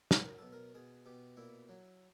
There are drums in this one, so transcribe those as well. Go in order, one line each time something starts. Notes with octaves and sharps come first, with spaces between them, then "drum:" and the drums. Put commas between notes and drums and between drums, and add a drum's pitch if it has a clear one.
F#3 B4, drum: snare
A#4
B2 A4
A#4
B2 G#4
B2 G4
A#2 E4
F#3